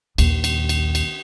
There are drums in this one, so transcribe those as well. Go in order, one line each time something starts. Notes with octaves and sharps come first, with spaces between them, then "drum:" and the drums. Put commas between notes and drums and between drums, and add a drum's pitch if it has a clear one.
A#1 D#2, drum: cymbal
drum: cymbal
drum: cymbal
drum: cymbal